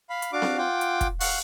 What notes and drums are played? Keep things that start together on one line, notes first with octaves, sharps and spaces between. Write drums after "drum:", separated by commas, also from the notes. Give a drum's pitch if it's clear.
F5 B5
drum: hi-hat
D4 F#4 F5 D6
drum: snare C4
F4 F#5 G5 D6
drum: hi-hat
drum: kick, hi-hat
F5 F#5 C#6 F#6, drum: open hi-hat